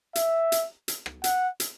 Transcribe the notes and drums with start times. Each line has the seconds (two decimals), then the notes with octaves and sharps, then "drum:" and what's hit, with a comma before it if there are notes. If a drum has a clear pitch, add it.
0.15 E5, drum: hi-hat
0.52 drum: hi-hat
0.88 drum: hi-hat
1.06 drum: rim click
1.24 F#5, drum: hi-hat
1.60 drum: hi-hat